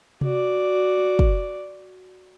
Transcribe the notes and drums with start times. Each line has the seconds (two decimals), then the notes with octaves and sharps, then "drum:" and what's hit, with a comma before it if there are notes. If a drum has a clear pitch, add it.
0.21 F#4 D5, drum: tom C3
1.19 drum: kick